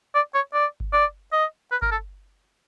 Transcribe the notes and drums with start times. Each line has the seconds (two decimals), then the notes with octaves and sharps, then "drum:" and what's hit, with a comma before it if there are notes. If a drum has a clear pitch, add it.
0.15 D5
0.34 C#5
0.54 D5
0.80 drum: kick G1
0.93 D5
1.33 D#5
1.72 B4
1.82 A#4, drum: kick G1
1.91 A4